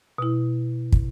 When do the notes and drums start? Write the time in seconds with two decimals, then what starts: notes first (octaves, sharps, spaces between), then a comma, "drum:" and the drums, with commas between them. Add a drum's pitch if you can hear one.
0.18 B2 E4
0.92 drum: kick